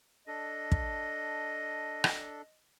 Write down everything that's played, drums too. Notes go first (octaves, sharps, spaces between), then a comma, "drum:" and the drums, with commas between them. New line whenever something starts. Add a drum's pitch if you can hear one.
D4 A4 D#5
drum: kick
drum: rim click